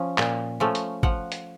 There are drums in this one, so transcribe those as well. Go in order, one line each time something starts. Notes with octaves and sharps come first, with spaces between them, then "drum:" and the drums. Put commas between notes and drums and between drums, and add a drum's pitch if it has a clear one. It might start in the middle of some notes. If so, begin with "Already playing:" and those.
Already playing: F3 C#4
A#2, drum: clap
F3 A3 C#4
drum: hi-hat
F3 F#5, drum: kick
drum: hi-hat